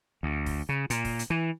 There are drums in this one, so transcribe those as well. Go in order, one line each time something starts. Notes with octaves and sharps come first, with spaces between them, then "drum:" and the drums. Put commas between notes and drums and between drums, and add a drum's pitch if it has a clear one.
D2
drum: kick, open hi-hat
C#3
A#2, drum: hi-hat
drum: kick, open hi-hat
drum: hi-hat
E3